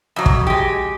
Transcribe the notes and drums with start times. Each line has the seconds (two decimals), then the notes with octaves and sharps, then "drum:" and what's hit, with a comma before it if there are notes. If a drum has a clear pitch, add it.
0.16 F2 F#3
0.26 drum: kick
0.47 G#3 G4